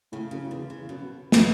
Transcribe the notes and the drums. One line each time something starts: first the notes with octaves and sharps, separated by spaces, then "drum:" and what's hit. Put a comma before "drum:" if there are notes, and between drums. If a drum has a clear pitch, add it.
A2 C#3
F#2 C#3
E2 D3
C#3
F#2 B2
drum: snare